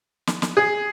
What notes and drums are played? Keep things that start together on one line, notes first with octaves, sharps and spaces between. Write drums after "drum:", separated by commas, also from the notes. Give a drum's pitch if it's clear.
drum: snare
drum: snare
G#4